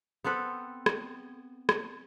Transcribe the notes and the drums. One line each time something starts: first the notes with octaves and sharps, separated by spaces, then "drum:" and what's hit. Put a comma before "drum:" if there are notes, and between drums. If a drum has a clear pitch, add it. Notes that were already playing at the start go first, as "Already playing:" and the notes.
B3 C4 A4 B4
drum: rim click
drum: rim click